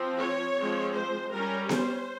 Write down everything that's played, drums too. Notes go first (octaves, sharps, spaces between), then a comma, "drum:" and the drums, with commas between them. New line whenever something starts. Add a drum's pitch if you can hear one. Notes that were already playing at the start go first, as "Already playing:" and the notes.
Already playing: F3 C4
C#5
F3 G#3 C4
C5
G3 C#4 A#4
C5, drum: snare B3